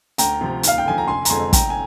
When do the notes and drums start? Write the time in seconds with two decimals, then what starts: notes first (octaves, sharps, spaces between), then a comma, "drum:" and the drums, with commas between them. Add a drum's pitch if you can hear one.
0.18 D2 G5 A#5, drum: hi-hat
0.41 C3 F3
0.63 D#2 F5, drum: hi-hat
0.78 G5
0.86 D3 F3 G#5
0.98 A#5
1.08 F1 G#5 C6
1.25 A#5, drum: hi-hat
1.30 F2 D3 G#3 C4 G#5 C6
1.53 F1 G5 A#5, drum: kick, hi-hat
1.70 G#5